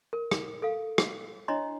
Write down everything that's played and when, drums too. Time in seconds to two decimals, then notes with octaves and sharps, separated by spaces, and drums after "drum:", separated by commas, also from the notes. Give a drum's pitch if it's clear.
0.13 A#4
0.31 drum: rim click
0.62 A4 F5
0.98 drum: rim click
1.48 D4 E4 C#5 D#5 A#5 C6